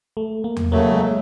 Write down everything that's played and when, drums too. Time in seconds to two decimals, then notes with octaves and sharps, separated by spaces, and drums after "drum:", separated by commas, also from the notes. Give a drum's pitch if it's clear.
0.17 A3
0.44 A#3
0.57 drum: tom E2
0.72 C#3 F#3 A3 A#3
0.92 G#3